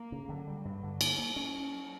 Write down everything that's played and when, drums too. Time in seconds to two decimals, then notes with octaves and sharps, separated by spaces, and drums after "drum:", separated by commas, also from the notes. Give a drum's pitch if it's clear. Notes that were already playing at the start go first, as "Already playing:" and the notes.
Already playing: A#3
0.12 C#3
0.29 D3 F#3
0.47 G3
0.65 G2
0.83 D3
1.01 A#3, drum: cymbal
1.19 A#3
1.36 C#4